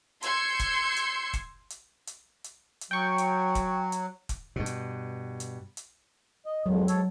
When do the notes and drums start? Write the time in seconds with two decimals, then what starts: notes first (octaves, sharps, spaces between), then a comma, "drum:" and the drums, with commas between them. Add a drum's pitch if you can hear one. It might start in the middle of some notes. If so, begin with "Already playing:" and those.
0.23 C6 E6 G6 G#6 C7 C#7, drum: hi-hat
0.59 drum: kick F1, hi-hat
0.96 drum: hi-hat
1.33 drum: kick F1, hi-hat
1.70 drum: hi-hat
2.07 drum: hi-hat
2.44 drum: hi-hat
2.81 drum: hi-hat
2.91 F#3 G5 C#6
3.18 drum: hi-hat
3.55 drum: kick F1, hi-hat
3.92 drum: hi-hat
4.29 drum: kick F1, hi-hat
4.56 G2 B2
4.66 drum: hi-hat
5.40 drum: hi-hat
5.77 drum: hi-hat
6.46 D#5
6.66 F2 G#2 D#3 F#3
6.88 G#2 A4 C#5, drum: hi-hat